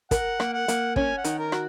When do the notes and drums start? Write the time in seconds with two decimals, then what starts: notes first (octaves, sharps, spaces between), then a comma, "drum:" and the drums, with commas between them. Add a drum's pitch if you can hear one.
0.11 A#4 F#5, drum: kick, hi-hat
0.40 A#3, drum: rim click
0.53 F#5
0.68 A#3, drum: hi-hat
0.96 C#4 G#5, drum: kick
1.18 F#5
1.24 D#3, drum: hi-hat
1.39 A#4
1.52 F#4, drum: rim click